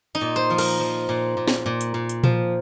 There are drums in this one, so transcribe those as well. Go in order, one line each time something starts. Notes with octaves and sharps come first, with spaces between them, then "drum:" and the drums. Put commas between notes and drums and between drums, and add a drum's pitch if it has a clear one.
D#4
A#2
C5
F3
A#4, drum: cymbal
F3
A#2
A#2
drum: snare
A#2
drum: hi-hat
A#2
drum: hi-hat
F3, drum: tom A#2